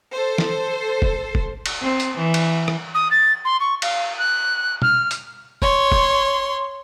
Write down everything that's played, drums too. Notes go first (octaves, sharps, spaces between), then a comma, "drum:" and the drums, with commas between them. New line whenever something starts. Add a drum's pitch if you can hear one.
A4 C5
drum: snare E3
drum: kick
drum: kick
drum: cymbal
C4
drum: hi-hat
E3
drum: cymbal
drum: rim click
D#6
A6
C6
C#6
F5, drum: cymbal
F#6
F6, drum: tom B2
drum: hi-hat
C#5 C6, drum: kick
drum: kick